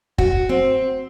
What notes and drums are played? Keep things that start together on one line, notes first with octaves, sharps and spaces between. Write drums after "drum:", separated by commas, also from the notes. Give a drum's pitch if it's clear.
F#4, drum: kick
C4